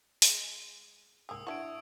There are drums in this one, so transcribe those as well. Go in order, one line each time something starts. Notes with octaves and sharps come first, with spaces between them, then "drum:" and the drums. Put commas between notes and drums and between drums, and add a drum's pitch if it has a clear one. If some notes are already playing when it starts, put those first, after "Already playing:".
G#3, drum: open hi-hat
C2 G#2 A#3 G#4 G5 D#6 E6
D4 E4 F#4 E5 C#6 G#6 D7